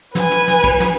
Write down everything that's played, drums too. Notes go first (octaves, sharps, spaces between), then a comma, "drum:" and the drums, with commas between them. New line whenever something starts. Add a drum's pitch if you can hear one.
B4 G#5, drum: snare
drum: tom
drum: snare
drum: kick, cymbal
drum: snare